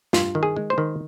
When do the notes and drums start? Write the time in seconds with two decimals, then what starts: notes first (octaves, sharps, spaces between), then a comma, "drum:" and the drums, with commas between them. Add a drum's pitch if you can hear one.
0.13 G2 F4, drum: snare
0.35 D#3
0.43 G#4
0.56 G#3
0.70 C5
0.78 D#3